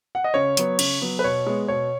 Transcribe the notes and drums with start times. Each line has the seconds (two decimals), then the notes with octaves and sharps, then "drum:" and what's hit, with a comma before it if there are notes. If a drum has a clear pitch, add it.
0.15 F#5
0.24 D#5
0.34 C#3 C#5
0.57 F#3 B3, drum: hi-hat
0.79 C#3, drum: cymbal
1.02 F#3 B3
1.19 B4
1.24 B2 C#5
1.46 G#3 B3
1.68 B2 C#5